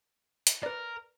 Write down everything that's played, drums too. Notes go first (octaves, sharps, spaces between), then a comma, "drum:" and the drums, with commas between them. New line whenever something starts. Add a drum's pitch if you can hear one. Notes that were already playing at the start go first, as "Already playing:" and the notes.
drum: hi-hat
A#4 B4 D5